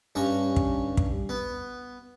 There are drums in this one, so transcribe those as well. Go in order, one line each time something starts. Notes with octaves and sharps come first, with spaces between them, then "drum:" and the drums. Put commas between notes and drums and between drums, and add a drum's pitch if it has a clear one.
G2 C#4 C#6
drum: kick
drum: kick
B3